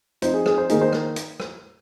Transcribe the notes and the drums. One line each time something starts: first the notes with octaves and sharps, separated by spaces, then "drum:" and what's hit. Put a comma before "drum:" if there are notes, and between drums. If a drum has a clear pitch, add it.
F3 C4 D#4 C5, drum: hi-hat
G#4
G#4, drum: rim click
C5
D#3 A#3 D#4 G#4, drum: hi-hat
C5
drum: rim click
drum: hi-hat
drum: rim click